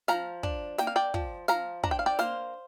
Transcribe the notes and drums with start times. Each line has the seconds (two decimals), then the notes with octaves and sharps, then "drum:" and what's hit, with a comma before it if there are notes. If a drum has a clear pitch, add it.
0.08 F3 F5 A#5, drum: snare
0.43 D4, drum: kick
0.78 A#3 G5, drum: snare
0.87 F5
0.96 D5 G5
1.14 F3, drum: kick
1.48 F3 F5 A#5, drum: snare
1.83 D4 A#5, drum: kick
1.91 G5
1.99 F5
2.06 D5 G5
2.19 A#3 C5 F5, drum: snare